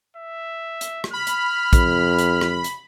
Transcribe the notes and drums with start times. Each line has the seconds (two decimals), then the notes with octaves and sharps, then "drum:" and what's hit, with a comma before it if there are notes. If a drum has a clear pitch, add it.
0.17 E5
0.81 drum: hi-hat
1.04 drum: rim click
1.13 B5 F6
1.27 drum: hi-hat
1.73 F2, drum: kick, hi-hat
2.19 drum: hi-hat
2.41 drum: rim click
2.64 drum: hi-hat